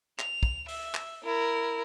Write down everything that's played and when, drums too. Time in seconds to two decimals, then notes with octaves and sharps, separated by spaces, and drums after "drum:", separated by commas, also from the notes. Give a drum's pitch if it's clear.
0.19 F7, drum: clap
0.43 drum: kick
0.68 E5, drum: open hi-hat
0.94 drum: clap
1.24 E4 A#4